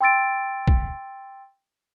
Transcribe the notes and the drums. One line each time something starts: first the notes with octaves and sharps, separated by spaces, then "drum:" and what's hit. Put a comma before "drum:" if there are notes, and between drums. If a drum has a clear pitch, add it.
G5 C6 E6 A6 D7
drum: kick